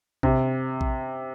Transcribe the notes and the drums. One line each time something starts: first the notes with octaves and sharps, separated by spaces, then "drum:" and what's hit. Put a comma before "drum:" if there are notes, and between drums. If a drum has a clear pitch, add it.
C3, drum: kick A#1
drum: kick A#1